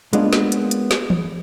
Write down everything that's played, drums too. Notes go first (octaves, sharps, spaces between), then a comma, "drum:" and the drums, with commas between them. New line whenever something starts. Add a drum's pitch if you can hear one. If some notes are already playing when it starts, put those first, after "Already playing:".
G#3 A#3 B3 C#4 D4 F4, drum: hi-hat
drum: snare
drum: hi-hat
drum: hi-hat
drum: snare
drum: tom